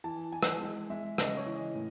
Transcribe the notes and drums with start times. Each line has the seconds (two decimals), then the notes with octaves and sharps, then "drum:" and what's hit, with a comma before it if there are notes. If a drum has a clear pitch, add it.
0.04 E3 A5
0.32 E3 G#5
0.43 drum: rim click
0.61 G#3
0.90 G#3 E5
1.18 C#3 D#5, drum: rim click
1.37 C#5
1.46 E3
1.56 D#5
1.75 A2